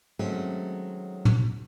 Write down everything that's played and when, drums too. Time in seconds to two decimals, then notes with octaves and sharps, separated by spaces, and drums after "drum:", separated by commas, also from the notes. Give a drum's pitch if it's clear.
0.19 D#3 F#3 G#3 A3 C4 C#4
1.25 drum: tom A#2